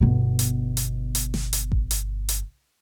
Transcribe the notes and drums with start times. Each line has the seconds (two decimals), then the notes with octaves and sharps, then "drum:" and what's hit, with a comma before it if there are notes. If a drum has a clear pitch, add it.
0.01 G1 B2
0.39 drum: hi-hat
0.77 drum: hi-hat
1.15 drum: hi-hat
1.34 drum: snare
1.53 drum: hi-hat
1.72 drum: kick A1
1.91 drum: hi-hat
2.29 drum: hi-hat